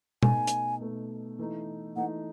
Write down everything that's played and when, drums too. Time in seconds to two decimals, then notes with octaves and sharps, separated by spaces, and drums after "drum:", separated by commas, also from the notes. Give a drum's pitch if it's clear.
0.23 B2 A3 D#4 G#5, drum: tom B2
0.47 drum: hi-hat
0.81 B2 A3 D#4
1.39 E3 A3 D#4
1.96 E3 A3 D#4 F#5